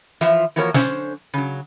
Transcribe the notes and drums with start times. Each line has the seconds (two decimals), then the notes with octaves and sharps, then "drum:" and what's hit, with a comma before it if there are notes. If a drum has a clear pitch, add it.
0.21 E3 F3 F4 E5, drum: hi-hat
0.56 E3 F3 A#3 F#4 A#4 C#5
0.74 D3 C#4 C5, drum: snare
1.34 C#3 F#3